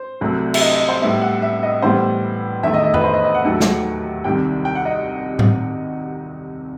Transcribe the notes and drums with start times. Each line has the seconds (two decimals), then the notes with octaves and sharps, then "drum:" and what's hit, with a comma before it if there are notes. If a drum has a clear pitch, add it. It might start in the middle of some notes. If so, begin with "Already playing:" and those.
Already playing: C5
0.21 C2 C3 F#3 A3
0.54 E5, drum: cymbal
0.61 D#5
0.75 D#5
0.89 C5
1.01 A2 G3 B3 E5
1.21 F#5
1.42 E5
1.63 D#5
1.82 A2 E3 G3 B3 C5
2.63 E2 D#3 A3 E5
2.74 D#5
2.84 D#5
2.94 B4, drum: tom F2
3.04 C5
3.14 D#5
3.24 D#5
3.34 F#5
3.44 D#2 D#3 F#3 A3
3.60 drum: snare
4.24 C2 C3 D#3 G3 G5
4.65 G5
4.75 F#5
4.85 D#5
5.39 drum: tom G#2